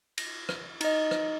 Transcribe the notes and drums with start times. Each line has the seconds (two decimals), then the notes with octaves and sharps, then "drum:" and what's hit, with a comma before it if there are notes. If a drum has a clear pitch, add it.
0.18 A#6, drum: cymbal
0.49 drum: rim click
0.81 D#4 D#5, drum: cymbal
1.11 drum: rim click